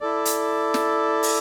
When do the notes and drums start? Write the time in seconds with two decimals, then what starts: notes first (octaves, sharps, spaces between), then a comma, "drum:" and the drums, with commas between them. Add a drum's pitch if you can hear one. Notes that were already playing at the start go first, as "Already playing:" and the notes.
0.01 E4 A4 D5
0.25 drum: hi-hat
0.74 drum: snare
1.23 drum: open hi-hat